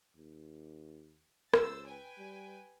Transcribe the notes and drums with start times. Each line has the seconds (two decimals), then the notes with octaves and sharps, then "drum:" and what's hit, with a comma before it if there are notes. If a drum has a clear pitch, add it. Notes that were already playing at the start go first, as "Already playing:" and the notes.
0.16 D#2
1.54 C#2 C5 E6 A6, drum: rim click
1.85 B4 G5 G#5
2.18 G3